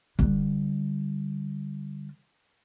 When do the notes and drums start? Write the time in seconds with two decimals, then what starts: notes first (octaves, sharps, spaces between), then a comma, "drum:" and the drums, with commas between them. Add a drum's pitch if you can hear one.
0.19 D3 G3, drum: kick